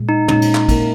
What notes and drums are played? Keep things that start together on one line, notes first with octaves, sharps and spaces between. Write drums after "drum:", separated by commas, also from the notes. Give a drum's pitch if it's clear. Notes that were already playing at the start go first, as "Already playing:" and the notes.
Already playing: A#2 G#3
D#4
A#2 G#3 C#4 D#4, drum: tom
drum: cymbal
drum: clap
A#3 E4 A#4, drum: kick, cymbal